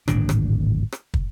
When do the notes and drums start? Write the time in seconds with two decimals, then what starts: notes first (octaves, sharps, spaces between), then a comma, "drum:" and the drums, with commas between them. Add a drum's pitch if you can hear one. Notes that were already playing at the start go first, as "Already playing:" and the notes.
0.08 D1 G#1 A#2 D4, drum: rim click
0.29 drum: rim click
0.92 drum: rim click
1.14 drum: kick